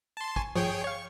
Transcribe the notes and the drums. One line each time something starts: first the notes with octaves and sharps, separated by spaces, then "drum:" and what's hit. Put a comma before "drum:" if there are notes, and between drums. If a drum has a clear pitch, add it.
A5 C6
G#5 C#6, drum: kick
F3 G#4 C#5 G5, drum: tom G2
C#5 F5 C#6